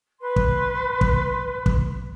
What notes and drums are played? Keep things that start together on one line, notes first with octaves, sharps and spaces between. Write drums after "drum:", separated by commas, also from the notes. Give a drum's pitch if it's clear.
B4 C6
drum: kick
drum: kick
drum: kick